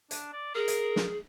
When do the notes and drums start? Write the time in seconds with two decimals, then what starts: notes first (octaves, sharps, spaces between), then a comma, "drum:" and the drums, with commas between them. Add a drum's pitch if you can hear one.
0.11 D4, drum: hi-hat
0.33 D5
0.55 G#4 A#4
0.68 drum: hi-hat
0.96 drum: snare